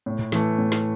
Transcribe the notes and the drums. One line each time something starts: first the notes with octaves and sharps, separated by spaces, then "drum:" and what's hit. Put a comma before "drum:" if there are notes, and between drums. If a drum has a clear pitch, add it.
A2
drum: tom A2
E3 A3, drum: snare
A2
drum: snare